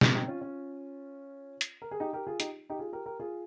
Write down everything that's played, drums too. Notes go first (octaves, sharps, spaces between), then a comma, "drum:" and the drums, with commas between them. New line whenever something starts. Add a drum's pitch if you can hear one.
F3 G#3, drum: snare
C4 D#4
C#4 F4
C#4 F4
drum: hi-hat
A#4
G#4
D#4 G4
G4 A#4
F4 G#4
D#4 G4, drum: hi-hat
D#4 G4
F4 G#4
G4 A#4
G4 A#4
F4 G#4